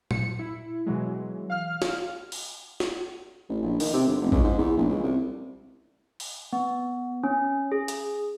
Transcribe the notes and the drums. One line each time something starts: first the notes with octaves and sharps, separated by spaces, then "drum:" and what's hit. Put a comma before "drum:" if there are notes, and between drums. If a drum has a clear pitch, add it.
C#7, drum: tom A#2
E4
B2 E3 F#3 G#3
F5 F6
drum: snare
drum: open hi-hat
drum: snare
A1
A#1
D#3, drum: open hi-hat
C3
G1
F1
C#2, drum: kick
G#2
E2
A#1
C#2
C2
drum: open hi-hat
B3
C#4
G#4
drum: hi-hat